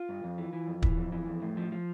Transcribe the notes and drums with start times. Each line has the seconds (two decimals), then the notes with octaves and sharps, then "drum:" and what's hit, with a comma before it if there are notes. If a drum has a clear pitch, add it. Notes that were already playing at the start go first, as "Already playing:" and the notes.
Already playing: F4
0.09 G2
0.24 F2
0.38 E3
0.53 E3
0.67 F2
0.82 E3, drum: kick
0.98 F2
1.12 E3
1.27 F2
1.42 A2
1.57 F3
1.72 F3